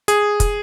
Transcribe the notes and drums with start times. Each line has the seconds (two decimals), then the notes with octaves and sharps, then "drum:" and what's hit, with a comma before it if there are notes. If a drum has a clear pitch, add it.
0.08 G#4, drum: hi-hat
0.40 drum: kick, hi-hat